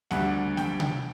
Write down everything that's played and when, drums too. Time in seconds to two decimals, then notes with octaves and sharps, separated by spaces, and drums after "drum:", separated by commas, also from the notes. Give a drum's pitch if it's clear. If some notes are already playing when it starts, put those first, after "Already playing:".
0.11 D2 D3 G3 F#5, drum: snare
0.57 G5, drum: snare
0.80 drum: tom C3